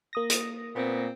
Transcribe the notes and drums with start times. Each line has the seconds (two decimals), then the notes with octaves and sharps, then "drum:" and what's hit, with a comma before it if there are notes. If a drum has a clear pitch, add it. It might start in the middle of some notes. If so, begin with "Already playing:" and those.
0.13 A#3 D#6 A#6
0.30 drum: hi-hat
0.76 A#2 B3 C4